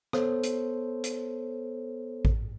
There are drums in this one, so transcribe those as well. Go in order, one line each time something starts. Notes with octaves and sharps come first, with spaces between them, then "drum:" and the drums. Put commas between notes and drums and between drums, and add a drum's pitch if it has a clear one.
B3 A4 C5 C#5, drum: rim click
drum: hi-hat
drum: hi-hat
drum: kick A1